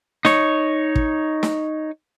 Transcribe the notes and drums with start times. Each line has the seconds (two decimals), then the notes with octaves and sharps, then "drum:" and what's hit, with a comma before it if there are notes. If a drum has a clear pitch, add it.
0.25 D#4 C#5, drum: snare
0.95 drum: kick
1.43 drum: snare